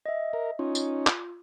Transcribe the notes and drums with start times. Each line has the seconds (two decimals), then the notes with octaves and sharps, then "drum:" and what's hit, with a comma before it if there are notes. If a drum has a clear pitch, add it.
0.06 D#5 E5
0.33 A#4
0.59 C#4 D#4 F4
0.75 drum: tambourine
1.07 drum: clap